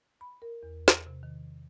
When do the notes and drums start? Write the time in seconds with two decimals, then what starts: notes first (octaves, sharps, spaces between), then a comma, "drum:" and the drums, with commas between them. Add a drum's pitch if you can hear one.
0.21 B5
0.42 A#4
0.63 E2
0.88 drum: snare
1.07 C3
1.23 D#3